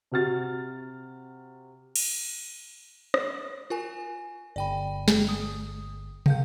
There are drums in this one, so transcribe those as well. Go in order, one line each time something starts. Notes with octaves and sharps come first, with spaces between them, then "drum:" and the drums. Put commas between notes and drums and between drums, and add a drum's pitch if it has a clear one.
C3 F#4 F6 A6
drum: cymbal
drum: rim click
F4 A#4 G#5
G1 D5 G5 B5
drum: snare
D#6
D3 F5 G6, drum: tom